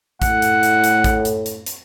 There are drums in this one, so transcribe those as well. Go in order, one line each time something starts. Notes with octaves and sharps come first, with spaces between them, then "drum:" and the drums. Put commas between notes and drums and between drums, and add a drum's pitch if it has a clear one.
A2 F#5, drum: kick, hi-hat
drum: hi-hat
drum: hi-hat
drum: hi-hat
drum: kick, hi-hat
drum: hi-hat
drum: hi-hat
drum: hi-hat